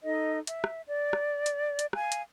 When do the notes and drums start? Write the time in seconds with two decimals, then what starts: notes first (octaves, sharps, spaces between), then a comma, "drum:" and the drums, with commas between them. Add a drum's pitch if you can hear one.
0.04 D#4 A4 D#5
0.47 E5, drum: hi-hat
0.64 drum: rim click
0.88 D5
1.13 drum: rim click
1.46 drum: hi-hat
1.79 drum: hi-hat
1.93 F5 G#5, drum: rim click
2.12 drum: hi-hat